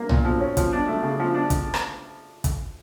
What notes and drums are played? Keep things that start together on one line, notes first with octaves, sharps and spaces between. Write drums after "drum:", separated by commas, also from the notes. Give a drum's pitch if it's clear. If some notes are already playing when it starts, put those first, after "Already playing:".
Already playing: A#3
A#2, drum: tom
F3
C#4
F3, drum: kick, hi-hat
D4
A3
C#3
F3
D4
drum: kick, hi-hat
drum: rim click
drum: kick, hi-hat